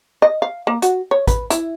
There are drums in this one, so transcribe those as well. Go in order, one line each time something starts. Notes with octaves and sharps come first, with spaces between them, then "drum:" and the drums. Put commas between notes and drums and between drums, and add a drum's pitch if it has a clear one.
D#5
F5
A#3
F#4, drum: hi-hat
C#5
B4, drum: kick A1, hi-hat
E4, drum: hi-hat